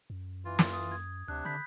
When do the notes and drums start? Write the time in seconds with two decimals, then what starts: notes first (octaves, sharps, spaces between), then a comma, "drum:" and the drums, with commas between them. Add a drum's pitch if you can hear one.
0.10 F#2
0.45 E3 F4
0.59 drum: snare
0.73 D#6
0.92 G#6
1.28 D2 C3 D4 F#6
1.45 D3 B5 G6 B6